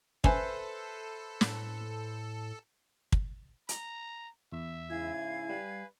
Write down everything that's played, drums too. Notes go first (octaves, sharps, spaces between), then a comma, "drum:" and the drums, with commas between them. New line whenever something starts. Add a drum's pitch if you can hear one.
C#4 A4 B4 C5 E5 G#5, drum: kick
A2, drum: snare
drum: kick
A#5, drum: hi-hat
E2 E5
G#2 C#3 E4 F5 G#5 G#6
G3 B4